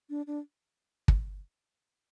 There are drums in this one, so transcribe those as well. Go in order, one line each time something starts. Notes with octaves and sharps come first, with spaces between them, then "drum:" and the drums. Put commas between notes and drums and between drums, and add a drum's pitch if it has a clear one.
D4
D4
drum: kick